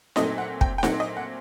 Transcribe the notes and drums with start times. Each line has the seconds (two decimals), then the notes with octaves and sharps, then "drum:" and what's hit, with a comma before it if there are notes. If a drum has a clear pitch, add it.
0.16 A#2 F#3 A3 C4 D#5, drum: snare D#4
0.38 F#5
0.61 G5, drum: kick
0.78 G5
0.83 A#2 F#3 A3 C4 F#5, drum: snare D#4
1.00 D#5
1.17 F#5